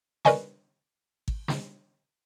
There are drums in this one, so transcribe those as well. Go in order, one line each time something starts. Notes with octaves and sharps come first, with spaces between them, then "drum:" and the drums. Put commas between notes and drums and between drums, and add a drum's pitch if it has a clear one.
A#4 B4 D5 D#5 G#5 C#6, drum: snare
drum: kick G#1
drum: snare